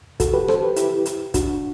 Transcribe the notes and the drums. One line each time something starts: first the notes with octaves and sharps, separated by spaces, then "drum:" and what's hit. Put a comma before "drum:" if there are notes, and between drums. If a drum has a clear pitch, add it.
F#4 A4, drum: kick, hi-hat
G4 B4
A4 C5, drum: rim click
G4 B4
E4 G4, drum: hi-hat
drum: hi-hat
D4 F#4, drum: kick, hi-hat